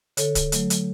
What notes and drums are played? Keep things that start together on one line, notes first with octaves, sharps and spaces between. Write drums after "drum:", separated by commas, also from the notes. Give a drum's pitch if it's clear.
D3 A4 C#5, drum: hi-hat
drum: kick D1, hi-hat
F#3 A3, drum: hi-hat
drum: hi-hat